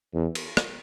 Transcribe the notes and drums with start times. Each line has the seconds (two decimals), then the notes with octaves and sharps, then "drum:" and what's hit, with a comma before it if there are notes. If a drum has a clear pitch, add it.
0.14 E2
0.35 drum: cymbal
0.57 drum: rim click